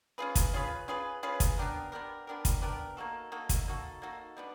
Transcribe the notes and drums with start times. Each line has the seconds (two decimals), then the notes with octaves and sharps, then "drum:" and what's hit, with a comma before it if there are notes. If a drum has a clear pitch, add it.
0.18 C#4 F4 G#4 B4
0.35 drum: kick, hi-hat
0.54 C#4 F4 G#4 B4
0.88 C#4 F4 G#4 B4
1.23 C#4 F4 G#4 B4
1.40 drum: kick, hi-hat
1.58 B3 D4 G4 A#4
1.92 B3 D4 G4 A#4
2.27 B3 D4 G4 A#4
2.45 drum: kick, hi-hat
2.62 B3 D4 G4 A#4
2.97 A#3 D#4 F#4 A4
3.32 A#3 D#4 F#4 A4
3.49 drum: kick, hi-hat
3.67 A#3 D#4 F#4 A4
4.02 A#3 D#4 F#4 A4
4.37 G3 B3 D4